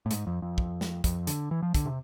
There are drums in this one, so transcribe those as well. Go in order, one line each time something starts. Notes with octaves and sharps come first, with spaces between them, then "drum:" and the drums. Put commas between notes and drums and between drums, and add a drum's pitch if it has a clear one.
A2
G#2, drum: hi-hat
F2
F2
drum: kick
drum: snare
F2, drum: kick, hi-hat
D3, drum: hi-hat
E3
F3
D3, drum: kick, hi-hat
C3